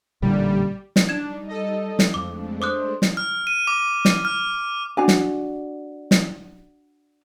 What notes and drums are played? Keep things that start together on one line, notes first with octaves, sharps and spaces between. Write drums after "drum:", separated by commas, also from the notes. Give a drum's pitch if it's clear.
A1 A#2 D3 G3
drum: snare
G3 D4 D#4 G#6 E7
A4 D#5
drum: snare
F2 G#3 A3 D4 D6
C5 D6 D#6 F#6
drum: snare
F6
D#7
D6
drum: snare
F6
D4 F#4 G#5
drum: snare
drum: snare